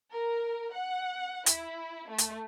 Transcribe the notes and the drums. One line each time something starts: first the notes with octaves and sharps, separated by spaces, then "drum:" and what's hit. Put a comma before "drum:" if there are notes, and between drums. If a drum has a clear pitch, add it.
A#4
F#5
E4, drum: hi-hat
A3
drum: hi-hat